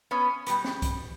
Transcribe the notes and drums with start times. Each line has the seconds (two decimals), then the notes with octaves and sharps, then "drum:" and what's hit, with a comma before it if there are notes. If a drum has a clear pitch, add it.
0.11 B3 C#4
0.47 B2 G3 B3, drum: hi-hat
0.64 drum: snare
0.82 drum: kick B1, hi-hat